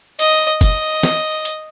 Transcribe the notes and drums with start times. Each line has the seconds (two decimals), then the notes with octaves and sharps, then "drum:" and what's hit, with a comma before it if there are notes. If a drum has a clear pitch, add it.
0.19 D#5, drum: hi-hat
0.61 D#5, drum: kick, hi-hat
1.03 drum: snare
1.45 drum: hi-hat